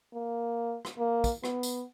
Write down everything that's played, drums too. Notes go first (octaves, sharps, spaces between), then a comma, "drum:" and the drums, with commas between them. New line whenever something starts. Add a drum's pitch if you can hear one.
A#3
drum: rim click
A#3
drum: kick, tambourine
B3, drum: rim click
drum: tambourine